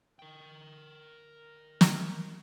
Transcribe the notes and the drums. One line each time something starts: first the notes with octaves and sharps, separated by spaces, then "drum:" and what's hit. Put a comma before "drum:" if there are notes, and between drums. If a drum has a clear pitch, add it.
A#4 G5
drum: snare